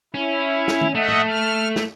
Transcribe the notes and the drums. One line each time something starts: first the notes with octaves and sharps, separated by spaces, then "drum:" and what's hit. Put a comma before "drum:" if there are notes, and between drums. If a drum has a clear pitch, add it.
C#4 E4
drum: snare
drum: tom
A3 D#5 E5 F#5
drum: tom
F6
drum: snare